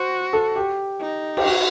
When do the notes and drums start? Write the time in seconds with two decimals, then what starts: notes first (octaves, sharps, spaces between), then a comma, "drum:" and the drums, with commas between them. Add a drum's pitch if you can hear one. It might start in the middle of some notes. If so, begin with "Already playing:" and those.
Already playing: F#4 C5
0.33 A4
0.56 G4
1.01 D#4
1.37 G4, drum: cymbal
1.46 F#4